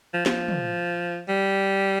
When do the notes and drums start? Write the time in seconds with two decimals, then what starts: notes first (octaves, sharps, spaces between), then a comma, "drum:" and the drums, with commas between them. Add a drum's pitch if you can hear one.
0.14 F3
0.26 F3, drum: snare
0.48 drum: tom
1.29 G3